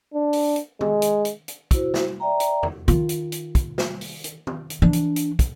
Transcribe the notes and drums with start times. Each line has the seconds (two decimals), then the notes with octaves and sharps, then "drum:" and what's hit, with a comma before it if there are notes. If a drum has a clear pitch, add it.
0.14 D4
0.33 drum: open hi-hat
0.56 drum: hi-hat
0.81 G#3, drum: tom
1.02 drum: hi-hat
1.25 drum: hi-hat
1.48 drum: hi-hat
1.71 E4 F#4 C5, drum: kick, hi-hat
1.94 drum: snare
2.20 D5 E5 G5 A#5
2.40 drum: hi-hat
2.63 drum: tom E2
2.88 D#3 F4, drum: hi-hat
3.09 drum: hi-hat
3.32 drum: hi-hat
3.55 drum: kick, hi-hat
3.78 drum: snare
4.01 drum: open hi-hat
4.24 drum: hi-hat
4.47 drum: tom
4.70 drum: hi-hat
4.82 E3 D4
4.93 drum: hi-hat
5.16 drum: hi-hat
5.39 drum: kick, hi-hat